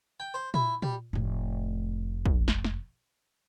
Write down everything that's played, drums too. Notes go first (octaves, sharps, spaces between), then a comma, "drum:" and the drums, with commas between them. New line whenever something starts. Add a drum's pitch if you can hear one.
G5
C5
E4, drum: tom A#2
G3, drum: tom A#2
F1 A2
drum: kick
drum: snare
drum: snare